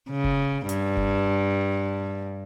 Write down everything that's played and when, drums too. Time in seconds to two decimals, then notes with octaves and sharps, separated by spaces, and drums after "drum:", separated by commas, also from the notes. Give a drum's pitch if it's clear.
0.10 C#3
0.24 drum: kick F1
0.69 G2, drum: hi-hat
0.97 drum: kick F1